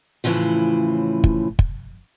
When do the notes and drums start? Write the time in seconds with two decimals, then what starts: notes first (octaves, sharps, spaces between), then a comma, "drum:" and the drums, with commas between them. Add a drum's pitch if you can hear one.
0.24 A2 C#3 E3 F3
1.24 drum: kick
1.59 drum: kick